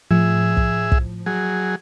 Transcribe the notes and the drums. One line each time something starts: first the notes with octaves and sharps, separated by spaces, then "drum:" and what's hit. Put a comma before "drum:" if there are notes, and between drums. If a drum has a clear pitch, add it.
A2 F3 G#4 E5
drum: kick
drum: kick
F#3 G#4